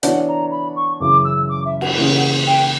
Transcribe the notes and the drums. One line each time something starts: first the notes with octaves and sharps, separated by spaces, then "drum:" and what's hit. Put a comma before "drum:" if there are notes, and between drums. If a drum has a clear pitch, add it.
E3 B3 D4 F#4 C#5 F#5, drum: hi-hat
A#5
B5
C#6
F#2 C#3 E3 D6
E6
D6
E5
F#5, drum: cymbal
C#3 E3 A#3
G5